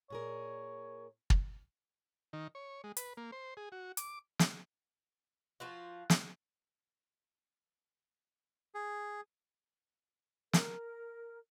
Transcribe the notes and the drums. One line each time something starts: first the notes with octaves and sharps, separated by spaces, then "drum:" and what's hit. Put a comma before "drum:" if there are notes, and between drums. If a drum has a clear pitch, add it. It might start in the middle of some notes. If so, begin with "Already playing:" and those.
A#2 G#4 A#4 C#5
drum: kick
D#3
C#5
G#3
B4, drum: hi-hat
A#3
C5
G#4
F#4
D6, drum: hi-hat
drum: snare
F3 F4 F#4
drum: snare
G#4
A#4, drum: snare